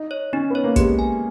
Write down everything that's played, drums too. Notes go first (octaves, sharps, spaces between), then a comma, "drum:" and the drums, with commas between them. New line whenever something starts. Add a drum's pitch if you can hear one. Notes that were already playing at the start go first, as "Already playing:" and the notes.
Already playing: D#4
C#5
C#4 D#4
B3 C#5
A#3
G#3 G4, drum: kick, hi-hat
G#5